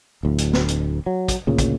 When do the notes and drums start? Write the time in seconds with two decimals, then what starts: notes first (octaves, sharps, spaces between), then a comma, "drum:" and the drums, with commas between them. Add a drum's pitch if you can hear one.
0.23 D1 D2
0.38 drum: hi-hat
0.53 drum: snare
0.68 drum: hi-hat
1.06 F#3
1.28 drum: kick, hi-hat
1.47 D2 A#2 C#3
1.58 drum: kick, hi-hat